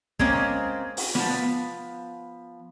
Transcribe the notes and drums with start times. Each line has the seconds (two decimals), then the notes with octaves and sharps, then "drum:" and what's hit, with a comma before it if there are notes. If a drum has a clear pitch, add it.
0.19 G#3 A#3 C4 C#4, drum: kick
0.97 drum: open hi-hat
1.15 F3 B3, drum: snare